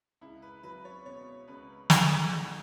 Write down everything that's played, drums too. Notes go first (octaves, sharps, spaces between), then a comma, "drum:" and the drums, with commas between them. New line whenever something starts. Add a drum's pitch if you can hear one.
C#2 E4
B4
F#3 B4
C#5
B2 C#5
C#2 B4
A1 A4, drum: snare
G#4
F#3 F#4